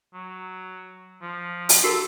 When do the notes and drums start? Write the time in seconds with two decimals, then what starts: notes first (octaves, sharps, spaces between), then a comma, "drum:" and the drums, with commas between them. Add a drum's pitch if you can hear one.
0.14 F#3
1.22 F3
1.69 drum: open hi-hat
1.84 F#4 G4 A4 A#4